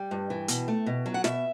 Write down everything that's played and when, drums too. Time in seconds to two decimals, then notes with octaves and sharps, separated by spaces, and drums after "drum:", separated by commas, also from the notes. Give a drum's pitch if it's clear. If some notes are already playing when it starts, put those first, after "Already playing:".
Already playing: G3 G5
0.11 G2
0.30 E3
0.48 B2, drum: hi-hat
0.68 A3
0.86 B2
1.06 F#3
1.14 F#5
1.24 B2 E5, drum: snare